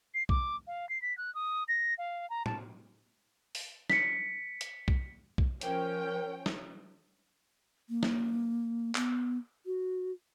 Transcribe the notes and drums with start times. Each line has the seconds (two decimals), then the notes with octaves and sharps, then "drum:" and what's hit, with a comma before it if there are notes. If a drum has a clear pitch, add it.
0.14 C7
0.29 D6, drum: kick B1
0.67 F5
0.89 C7
1.02 B6
1.18 F#6
1.35 D#6
1.68 A#6
1.98 F5
2.30 A#5
2.46 A5, drum: tom
3.55 drum: open hi-hat
3.90 B6 C#7, drum: snare
4.61 drum: hi-hat
4.88 drum: kick B1
5.38 drum: kick B1
5.61 F3 C#4 A#4 G5, drum: hi-hat
6.46 drum: snare
7.89 A#3
8.03 drum: snare
8.95 B3, drum: clap
9.66 F#4